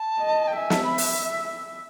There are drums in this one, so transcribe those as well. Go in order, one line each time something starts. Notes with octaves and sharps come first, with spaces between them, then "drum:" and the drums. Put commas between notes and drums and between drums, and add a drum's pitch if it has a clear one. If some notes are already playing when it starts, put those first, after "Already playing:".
Already playing: A5
D#5
G5
E5 G#5
A5, drum: snare
B5
drum: open hi-hat